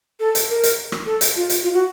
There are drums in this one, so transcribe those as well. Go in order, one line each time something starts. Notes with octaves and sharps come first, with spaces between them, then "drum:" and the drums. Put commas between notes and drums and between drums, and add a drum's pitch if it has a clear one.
A4
drum: hi-hat
A#4
drum: hi-hat
drum: rim click
A4
drum: hi-hat
F4
drum: hi-hat
F4
F#4